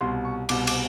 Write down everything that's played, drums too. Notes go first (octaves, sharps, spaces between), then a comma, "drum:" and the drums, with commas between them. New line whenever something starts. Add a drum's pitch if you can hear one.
C2 B2 C6
C#6
C2 B2 D6, drum: cymbal
D6, drum: cymbal